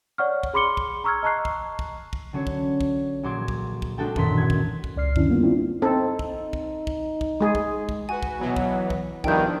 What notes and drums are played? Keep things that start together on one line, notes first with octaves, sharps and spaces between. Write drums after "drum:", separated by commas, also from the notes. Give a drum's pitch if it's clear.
C#5 D5 F#5 C#6 F6
drum: kick
G#4 B5 C6 D6 C#7 G7
drum: kick
A#5 C#6 E6 F6 G#6
D#5 A5 A#5 C#6 F#6 C7
drum: kick
drum: kick
drum: kick
D3 F#3 C#4 C#5 C#7
drum: kick
drum: kick
A#1 F#3 C6 D6 G#6
drum: kick
drum: kick
G#3 D4 F#4 A4 G5
E1 F#2 A#2 D#3 C6 B6, drum: kick
F#5 G#6
drum: kick
drum: kick
C#2 D5 F6 C7
F#2 D3 D#3 C#4 D4 E4, drum: kick
G3 A#3 B3 F4
B3 C4 D4 E4 F4
C4 D#4 A4
drum: kick
drum: kick
drum: kick
drum: kick
G#3 G#4
drum: kick
drum: kick
F#4 B4 G#5
drum: kick
B2 E3 F#3 B3
drum: kick
drum: kick
G2 B2 D#3 F3 D4 E4 G5 G6, drum: kick